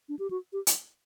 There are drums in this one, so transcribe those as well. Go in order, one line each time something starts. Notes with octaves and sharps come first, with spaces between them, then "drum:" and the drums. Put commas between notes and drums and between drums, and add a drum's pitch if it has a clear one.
D4
G4
F#4
G4
drum: hi-hat